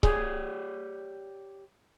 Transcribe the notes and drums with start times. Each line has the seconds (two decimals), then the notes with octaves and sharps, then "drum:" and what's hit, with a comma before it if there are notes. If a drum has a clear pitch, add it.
0.03 G4 G#4 C#5 D5, drum: kick C#1